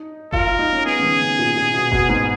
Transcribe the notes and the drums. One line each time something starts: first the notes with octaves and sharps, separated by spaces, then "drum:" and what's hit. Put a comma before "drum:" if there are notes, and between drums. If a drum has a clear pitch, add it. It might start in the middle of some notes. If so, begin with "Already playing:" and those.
Already playing: D#4
F4 A#4, drum: kick F#1
F4
D#4
C#4
B3 G#4
C#3
D#3
C#3
A#2
A#2
B2
B2, drum: kick F#1
G#2